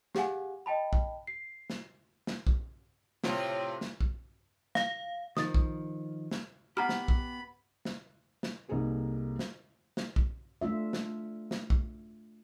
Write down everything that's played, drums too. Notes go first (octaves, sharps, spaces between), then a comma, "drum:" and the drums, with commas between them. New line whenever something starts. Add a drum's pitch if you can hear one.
G4 G#4 F5 F#5 G#5, drum: snare
D#5 G5 A5 B5
drum: kick
C7
drum: snare
drum: snare
drum: kick
A2 C3 F4, drum: snare
drum: snare
drum: kick
F5, drum: snare
D#3 F3 D#6 A6, drum: snare
drum: kick
drum: snare
B3 G4 F#5 A#5 B5 F6
drum: snare
drum: kick
drum: snare
drum: snare
C2 A#3 D#4 G#4 A4
drum: snare
drum: snare
drum: kick
A3 D4 F4 E5
drum: snare
drum: snare
drum: kick